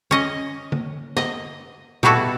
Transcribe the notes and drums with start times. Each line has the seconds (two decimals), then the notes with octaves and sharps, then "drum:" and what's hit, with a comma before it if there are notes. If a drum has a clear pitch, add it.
0.11 C#4 D#5
0.72 drum: tom D3
1.17 D#5, drum: snare
2.03 B2 G3 E4 F#4 A4, drum: tom A#2